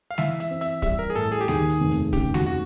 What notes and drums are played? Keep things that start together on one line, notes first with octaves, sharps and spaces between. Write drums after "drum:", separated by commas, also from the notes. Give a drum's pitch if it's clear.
F5
E3 E5, drum: snare
E5, drum: hi-hat
C4
E5, drum: hi-hat
G3 E5, drum: kick, hi-hat
A#4
G#4
A2 A4
G#4
G4
D#2 G#4, drum: snare
drum: hi-hat
F1
drum: hi-hat
C#3 G4, drum: kick, hi-hat
F#4, drum: snare
F#4